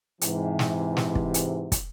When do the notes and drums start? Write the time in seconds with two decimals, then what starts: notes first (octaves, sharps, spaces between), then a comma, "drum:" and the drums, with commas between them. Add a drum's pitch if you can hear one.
0.21 G#2 C3 E3, drum: hi-hat
0.59 drum: snare
0.97 drum: snare
1.15 drum: kick
1.34 drum: hi-hat
1.72 drum: kick, hi-hat